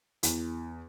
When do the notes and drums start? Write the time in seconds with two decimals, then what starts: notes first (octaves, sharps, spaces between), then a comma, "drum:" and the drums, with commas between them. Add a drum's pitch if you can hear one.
0.23 E2, drum: hi-hat